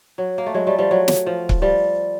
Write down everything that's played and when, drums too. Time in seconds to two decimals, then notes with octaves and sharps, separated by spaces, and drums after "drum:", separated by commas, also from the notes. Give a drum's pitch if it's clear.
0.18 F#3
0.38 A#3
0.46 A3
0.54 F#3 G#3
0.67 G3 A3
0.78 F3 G3
0.91 F#3
1.08 drum: snare
1.27 F3
1.49 drum: kick C#1
1.62 F3 G3